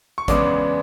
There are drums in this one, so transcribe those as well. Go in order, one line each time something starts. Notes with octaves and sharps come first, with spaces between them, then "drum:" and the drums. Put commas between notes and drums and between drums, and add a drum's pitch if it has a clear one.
C#6
E2 C#3 G#3 B3 D4 D6, drum: kick, hi-hat